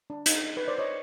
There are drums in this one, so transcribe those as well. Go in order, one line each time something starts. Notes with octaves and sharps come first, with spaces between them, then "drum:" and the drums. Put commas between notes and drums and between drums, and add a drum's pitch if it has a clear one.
D4
D#4, drum: hi-hat
B4
C5 D5
C#5 D#5